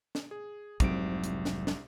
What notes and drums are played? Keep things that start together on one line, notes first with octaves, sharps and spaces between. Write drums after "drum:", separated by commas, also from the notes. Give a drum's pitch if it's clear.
drum: snare
G#4
F1 C2 G#2 F#3 C4 D7, drum: kick, hi-hat
drum: hi-hat
drum: snare
drum: snare